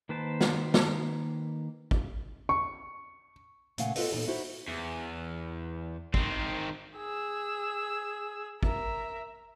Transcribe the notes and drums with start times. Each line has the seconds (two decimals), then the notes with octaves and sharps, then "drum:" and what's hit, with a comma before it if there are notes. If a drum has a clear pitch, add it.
0.09 D#3 A#3 B4 C5 A5
0.41 drum: snare
0.74 drum: snare
1.91 drum: kick G#1
2.49 C#6
3.78 A#2 C#3 A3 F5 F#5 G#5, drum: hi-hat
3.95 B3 F4 F#4 A4 B4 D#5, drum: open hi-hat
4.12 A#2 E3 D#4 A4
4.27 D#4 E4 F#4 C5
4.68 E2
6.14 D#3 C4, drum: kick G#1
6.97 G#4 E6
8.63 A#4 E5, drum: kick G#1